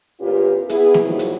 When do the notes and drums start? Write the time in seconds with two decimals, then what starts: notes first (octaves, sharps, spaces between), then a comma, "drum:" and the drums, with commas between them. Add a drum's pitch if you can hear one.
0.20 E2 A#2 C#4 F4 G4 B4
0.69 B3 E4 G#4, drum: hi-hat
0.94 drum: snare
1.05 G2 A#2 D#3 F3 F#3 E4
1.19 drum: hi-hat